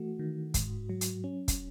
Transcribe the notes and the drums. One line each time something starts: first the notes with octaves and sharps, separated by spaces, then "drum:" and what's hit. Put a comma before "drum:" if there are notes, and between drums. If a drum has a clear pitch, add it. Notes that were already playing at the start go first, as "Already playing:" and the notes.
Already playing: E3 A3 F#4
D#3
G#2, drum: kick, hi-hat
F#3
drum: hi-hat
C#4
drum: kick, hi-hat